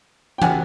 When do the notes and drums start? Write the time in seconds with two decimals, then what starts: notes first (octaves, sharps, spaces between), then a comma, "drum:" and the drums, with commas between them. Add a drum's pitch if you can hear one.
0.38 G5
0.42 F#5 G#5, drum: tom E3